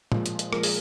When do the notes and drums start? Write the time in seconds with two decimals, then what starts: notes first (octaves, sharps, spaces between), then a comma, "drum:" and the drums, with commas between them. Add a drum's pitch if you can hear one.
0.12 A#2 F3 G#3, drum: tom
0.26 drum: hi-hat
0.39 drum: hi-hat
0.53 A#2 F3 G#3 A#4, drum: rim click
0.63 G#4, drum: open hi-hat